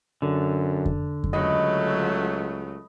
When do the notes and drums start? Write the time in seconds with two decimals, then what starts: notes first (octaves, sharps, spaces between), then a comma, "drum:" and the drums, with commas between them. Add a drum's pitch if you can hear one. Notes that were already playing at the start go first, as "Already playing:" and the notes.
0.22 F#2 D3
0.86 drum: kick F2
1.24 drum: kick F2
1.33 C#2 F#3 A3 D#5 B5